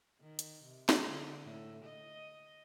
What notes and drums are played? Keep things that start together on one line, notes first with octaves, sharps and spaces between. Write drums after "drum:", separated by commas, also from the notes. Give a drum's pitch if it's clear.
D#3
drum: hi-hat
C3
drum: snare
D3
A2
D#5